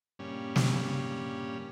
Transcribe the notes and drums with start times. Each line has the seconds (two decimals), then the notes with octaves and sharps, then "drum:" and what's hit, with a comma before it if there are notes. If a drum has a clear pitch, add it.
0.19 G2 A#2 C#3 G3 C#4
0.56 drum: snare